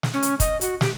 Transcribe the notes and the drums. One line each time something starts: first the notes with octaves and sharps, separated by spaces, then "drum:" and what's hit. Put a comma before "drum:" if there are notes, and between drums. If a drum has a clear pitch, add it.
drum: snare
C#4
drum: hi-hat
D#5, drum: kick, hi-hat
F#4, drum: hi-hat
G4, drum: snare